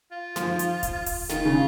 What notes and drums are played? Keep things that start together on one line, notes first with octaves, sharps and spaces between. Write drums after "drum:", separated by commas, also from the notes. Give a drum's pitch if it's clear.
F4
F3, drum: snare
drum: hi-hat
drum: kick D#1, hi-hat
drum: open hi-hat
D#3 F4, drum: snare
C#3